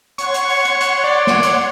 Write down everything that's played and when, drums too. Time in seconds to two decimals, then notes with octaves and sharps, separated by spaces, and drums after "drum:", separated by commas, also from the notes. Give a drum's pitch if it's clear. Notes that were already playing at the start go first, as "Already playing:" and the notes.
0.18 C#5 F#5 C6 C#6, drum: hi-hat
0.34 drum: hi-hat
0.49 drum: open hi-hat
0.65 drum: hi-hat
0.80 drum: hi-hat
1.04 D5
1.27 drum: snare
1.43 drum: hi-hat